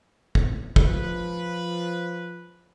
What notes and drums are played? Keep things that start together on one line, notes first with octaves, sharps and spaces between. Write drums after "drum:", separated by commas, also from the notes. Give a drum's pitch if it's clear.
drum: kick
F3 B4, drum: kick